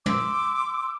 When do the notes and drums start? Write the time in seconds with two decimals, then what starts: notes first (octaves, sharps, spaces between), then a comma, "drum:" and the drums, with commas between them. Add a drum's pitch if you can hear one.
0.06 C6 D6 E6, drum: tom